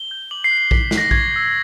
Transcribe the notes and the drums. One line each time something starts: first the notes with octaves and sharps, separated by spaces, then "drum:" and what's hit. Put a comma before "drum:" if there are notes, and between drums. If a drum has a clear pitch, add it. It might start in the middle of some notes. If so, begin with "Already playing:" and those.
Already playing: G7
G6
D6 F#7
C7
F#6
C7
D6 B6, drum: kick A#1
B6
F#6, drum: snare
A#6
C#6 G#6, drum: kick A#1
E6 G6